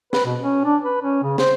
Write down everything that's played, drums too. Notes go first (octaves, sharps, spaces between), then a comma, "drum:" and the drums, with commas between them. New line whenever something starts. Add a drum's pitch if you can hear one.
B4, drum: snare
B2
C#4
D4
B4
C#4
C#3
C5, drum: snare